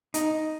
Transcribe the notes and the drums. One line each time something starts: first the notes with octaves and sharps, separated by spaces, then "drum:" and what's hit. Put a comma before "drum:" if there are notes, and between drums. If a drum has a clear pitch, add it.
D#4, drum: hi-hat